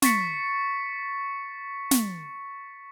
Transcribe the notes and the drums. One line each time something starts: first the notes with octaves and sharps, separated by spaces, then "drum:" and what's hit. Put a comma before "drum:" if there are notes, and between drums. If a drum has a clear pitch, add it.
C#6 A6 B6 C#7, drum: snare
drum: snare